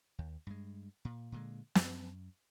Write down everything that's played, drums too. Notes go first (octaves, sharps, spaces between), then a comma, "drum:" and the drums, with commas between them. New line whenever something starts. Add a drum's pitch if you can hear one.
D#2
G2 G#3
A#2
A#2 D3 G#3
F#2, drum: snare